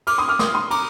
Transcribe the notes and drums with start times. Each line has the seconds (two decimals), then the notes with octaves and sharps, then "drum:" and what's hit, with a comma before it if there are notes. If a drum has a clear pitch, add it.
0.07 D6 F6, drum: cymbal
0.18 C6 D#6
0.28 D6 F6
0.39 C6 D#6, drum: snare
0.54 C6 D#6
0.71 A#5 D6, drum: cymbal